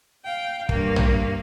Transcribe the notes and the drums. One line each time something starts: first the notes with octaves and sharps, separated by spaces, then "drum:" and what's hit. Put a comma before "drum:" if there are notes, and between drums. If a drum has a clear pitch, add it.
F5 G5
G2 A#3, drum: kick
drum: tom A#1